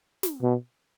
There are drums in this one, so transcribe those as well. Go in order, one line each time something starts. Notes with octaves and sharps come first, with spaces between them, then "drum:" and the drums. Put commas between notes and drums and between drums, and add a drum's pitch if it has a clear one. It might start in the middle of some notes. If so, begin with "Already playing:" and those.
drum: snare
B2